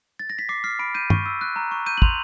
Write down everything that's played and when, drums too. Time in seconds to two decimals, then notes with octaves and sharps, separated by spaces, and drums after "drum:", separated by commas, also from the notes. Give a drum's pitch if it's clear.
0.19 A6
0.30 A#6
0.39 B6
0.49 D6 C7
0.64 F6 C7
0.79 B5 D7
0.94 G6 D#7
1.10 C#6, drum: tom
1.26 E6
1.41 F#6
1.56 A#5
1.71 C#6
1.86 G6 D#7
1.97 F#7
2.02 C6 F7, drum: kick